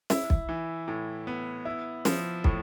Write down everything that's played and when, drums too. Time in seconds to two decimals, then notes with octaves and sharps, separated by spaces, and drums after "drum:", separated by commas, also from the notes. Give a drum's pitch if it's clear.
0.10 E4, drum: snare
0.30 drum: kick
0.49 E3
0.88 A2
1.27 B3
1.65 E4
2.05 F3, drum: snare
2.44 A2, drum: kick